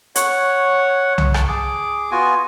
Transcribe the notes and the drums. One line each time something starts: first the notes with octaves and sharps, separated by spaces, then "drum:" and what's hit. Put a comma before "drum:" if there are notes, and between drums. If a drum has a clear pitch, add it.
C#5 F#5, drum: hi-hat
drum: tom C2
A5, drum: rim click
G#4 D6
B3 F4 F#4 G#5